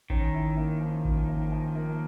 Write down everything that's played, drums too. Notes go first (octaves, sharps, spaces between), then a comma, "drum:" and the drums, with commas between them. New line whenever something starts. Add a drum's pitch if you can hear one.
D#3 C#4, drum: kick A1
E4
A#3
F3
C#4, drum: kick A1
A#3
F3
A#3